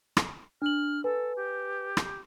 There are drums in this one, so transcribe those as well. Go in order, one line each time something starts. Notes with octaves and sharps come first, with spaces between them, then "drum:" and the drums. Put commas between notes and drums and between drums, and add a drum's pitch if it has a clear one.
drum: rim click
D4 F6 F#7
A4 B4 G#5
G4
drum: rim click